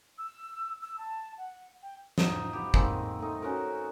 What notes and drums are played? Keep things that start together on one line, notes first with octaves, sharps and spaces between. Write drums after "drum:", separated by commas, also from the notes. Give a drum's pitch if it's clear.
E6
E6
A5
F#5
G5
F3 D#4, drum: snare
B3 G4
D#3 G#3 A#3 C4, drum: kick G1
A3 D#4
C#4 F#4 A4 A#4